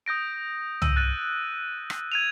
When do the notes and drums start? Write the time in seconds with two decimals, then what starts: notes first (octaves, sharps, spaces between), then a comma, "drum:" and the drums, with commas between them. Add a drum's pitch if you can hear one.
0.06 D#6 G6 A#6 D7
0.82 E6 D#7, drum: tom C2
0.96 F#6 A6 D#7
1.90 drum: rim click
2.12 G#6 D#7 F7